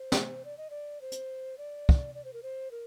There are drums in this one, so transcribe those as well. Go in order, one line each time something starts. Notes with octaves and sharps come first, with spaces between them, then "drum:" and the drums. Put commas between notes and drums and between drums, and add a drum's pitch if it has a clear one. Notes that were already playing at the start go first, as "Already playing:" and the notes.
Already playing: C5
drum: snare
D5
D#5
D5
C5
drum: hi-hat
D5
drum: kick
D5
C5
A#4
C5
A#4